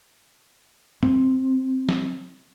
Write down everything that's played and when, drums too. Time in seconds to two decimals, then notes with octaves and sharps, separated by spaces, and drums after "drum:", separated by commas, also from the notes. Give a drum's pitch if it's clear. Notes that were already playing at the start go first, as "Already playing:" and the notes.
1.03 C4, drum: tom F#2
1.89 drum: snare